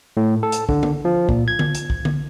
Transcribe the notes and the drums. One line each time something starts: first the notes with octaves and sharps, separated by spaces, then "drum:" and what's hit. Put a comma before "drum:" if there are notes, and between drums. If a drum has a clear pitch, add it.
A2
A4
drum: hi-hat
D3, drum: kick
drum: tom D3
F3
A#2, drum: kick
G#6
drum: tom D3
drum: hi-hat
drum: kick
drum: tom D3